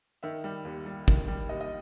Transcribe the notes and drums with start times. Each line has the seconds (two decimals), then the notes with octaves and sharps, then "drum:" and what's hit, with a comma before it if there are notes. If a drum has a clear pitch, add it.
0.23 D#3 E5
0.44 G3
0.65 D#2
0.86 G3
1.08 D#3, drum: kick
1.28 G3
1.49 D#2 D#5
1.61 D#5